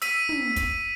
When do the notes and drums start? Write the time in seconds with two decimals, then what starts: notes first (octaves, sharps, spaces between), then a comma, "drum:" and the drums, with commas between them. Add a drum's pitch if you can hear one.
0.02 E6 B6 D#7, drum: hi-hat
0.29 drum: tom
0.56 drum: kick, hi-hat